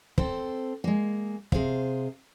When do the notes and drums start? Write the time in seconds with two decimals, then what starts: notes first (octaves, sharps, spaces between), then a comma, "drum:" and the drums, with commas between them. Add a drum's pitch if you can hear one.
0.18 C4 A4 C5, drum: kick
0.84 G#3 A#3
1.52 C3 G#4 C5 F5, drum: kick